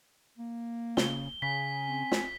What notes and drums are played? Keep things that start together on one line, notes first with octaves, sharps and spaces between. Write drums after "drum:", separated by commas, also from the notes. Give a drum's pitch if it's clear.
A#3
C#3 G7, drum: snare
C#3 G#5 B6
C4
drum: snare